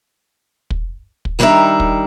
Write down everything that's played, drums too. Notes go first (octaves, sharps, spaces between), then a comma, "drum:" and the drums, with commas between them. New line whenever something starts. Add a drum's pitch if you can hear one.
drum: kick
drum: kick
D#3 G3 D4 D#4 A#4 E5
drum: kick